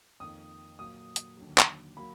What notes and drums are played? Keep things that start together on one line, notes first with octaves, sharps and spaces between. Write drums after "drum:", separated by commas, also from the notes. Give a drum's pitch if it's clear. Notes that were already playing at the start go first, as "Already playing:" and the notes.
F2 D#3 A#3 D#6
A#2 F#3 A#3 D#6
drum: hi-hat
D#2 D3 F#3
drum: clap
F#3 A#3 B5